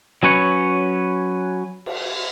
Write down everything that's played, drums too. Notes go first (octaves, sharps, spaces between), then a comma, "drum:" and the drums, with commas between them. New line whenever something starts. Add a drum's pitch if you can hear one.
F#3 C#4 B4 C#5
drum: cymbal